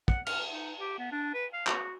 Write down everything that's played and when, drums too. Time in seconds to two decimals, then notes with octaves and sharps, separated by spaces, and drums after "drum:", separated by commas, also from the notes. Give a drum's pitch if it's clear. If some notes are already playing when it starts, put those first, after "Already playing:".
0.08 F#5, drum: kick
0.26 F6, drum: cymbal
0.49 D#4
0.78 G4
0.99 B3
1.12 D4
1.34 B4
1.53 F5
1.67 F#4, drum: clap